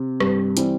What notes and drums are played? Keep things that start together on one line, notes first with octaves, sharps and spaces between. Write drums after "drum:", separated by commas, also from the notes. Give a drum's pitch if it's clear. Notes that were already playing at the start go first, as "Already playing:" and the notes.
Already playing: C3
G2, drum: rim click
E3 G3 C4, drum: hi-hat